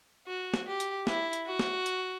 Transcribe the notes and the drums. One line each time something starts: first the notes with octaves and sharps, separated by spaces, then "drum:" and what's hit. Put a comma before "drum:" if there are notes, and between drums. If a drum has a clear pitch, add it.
F#4
drum: snare
G4
drum: hi-hat
E4, drum: snare
drum: hi-hat
F#4
drum: snare
drum: hi-hat